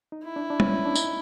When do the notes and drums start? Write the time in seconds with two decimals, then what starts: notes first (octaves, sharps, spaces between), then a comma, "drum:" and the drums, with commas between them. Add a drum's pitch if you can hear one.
0.12 D#4
0.24 E4
0.36 D4
0.50 D4
0.60 C#4, drum: tom G3
0.86 D4
0.95 D#4, drum: tambourine